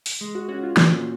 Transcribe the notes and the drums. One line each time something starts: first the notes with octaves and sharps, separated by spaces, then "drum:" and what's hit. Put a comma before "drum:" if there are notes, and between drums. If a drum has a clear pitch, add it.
drum: open hi-hat
G#3
F#4
C#4 F#4
F4
A#2, drum: snare